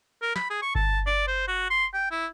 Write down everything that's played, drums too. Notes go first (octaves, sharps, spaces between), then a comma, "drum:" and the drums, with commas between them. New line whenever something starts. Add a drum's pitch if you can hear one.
A#4
B5, drum: snare
G#4
C#6
A5, drum: kick G1
D5
C5
F#4
C6
G5
E4